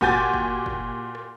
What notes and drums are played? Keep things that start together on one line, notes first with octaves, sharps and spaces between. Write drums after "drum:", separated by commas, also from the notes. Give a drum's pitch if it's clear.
A#2 F#4 G4 G#5 G6 A6, drum: kick
drum: kick
drum: kick
drum: rim click